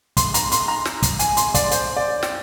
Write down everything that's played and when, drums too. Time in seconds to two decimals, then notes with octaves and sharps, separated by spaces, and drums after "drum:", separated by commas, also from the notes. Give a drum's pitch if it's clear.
0.17 C6, drum: kick, hi-hat
0.34 A#5, drum: hi-hat
0.52 C6, drum: hi-hat
0.68 A#5
0.85 drum: snare
1.03 drum: kick, hi-hat
1.19 G#5, drum: hi-hat
1.37 C6, drum: hi-hat
1.55 D5, drum: kick, hi-hat
1.71 C5, drum: hi-hat
1.96 D5
2.23 G5, drum: snare